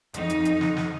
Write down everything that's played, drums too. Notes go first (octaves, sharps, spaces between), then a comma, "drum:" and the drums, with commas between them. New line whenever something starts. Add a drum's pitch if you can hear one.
F2 D#4, drum: hi-hat
drum: hi-hat
drum: hi-hat
drum: snare
drum: snare